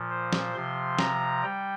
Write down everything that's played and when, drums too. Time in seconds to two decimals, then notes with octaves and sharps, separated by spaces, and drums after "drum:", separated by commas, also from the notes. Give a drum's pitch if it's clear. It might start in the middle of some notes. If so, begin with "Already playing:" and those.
Already playing: A#2 F3
0.10 C5
0.33 drum: snare
0.55 C3 F3 C6
0.99 A#5, drum: snare
1.43 G3 G5